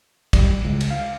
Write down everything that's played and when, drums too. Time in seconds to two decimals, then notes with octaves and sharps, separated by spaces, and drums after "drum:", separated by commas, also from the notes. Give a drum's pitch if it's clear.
0.33 G3, drum: kick, cymbal
0.64 C#2
0.81 drum: cymbal
0.91 F5